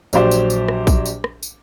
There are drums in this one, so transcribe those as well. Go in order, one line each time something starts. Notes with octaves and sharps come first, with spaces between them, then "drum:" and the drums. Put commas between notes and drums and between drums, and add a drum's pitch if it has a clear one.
A#1 F#3 G4 C5 D5, drum: tambourine
drum: tambourine
drum: tambourine
drum: rim click
drum: kick A#1, tambourine
drum: tambourine
drum: rim click
drum: tambourine